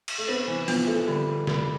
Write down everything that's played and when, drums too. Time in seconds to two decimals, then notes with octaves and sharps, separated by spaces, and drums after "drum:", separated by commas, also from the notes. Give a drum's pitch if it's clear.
0.08 drum: cymbal
0.18 A3
0.28 B3 C5
0.48 E3
0.68 F3 B3, drum: open hi-hat
0.87 A3
1.07 D3 G3
1.47 D3 G3, drum: snare